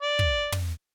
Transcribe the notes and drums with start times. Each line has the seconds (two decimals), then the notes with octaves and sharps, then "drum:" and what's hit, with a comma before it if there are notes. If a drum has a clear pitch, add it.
0.02 D5
0.19 drum: kick
0.52 drum: tom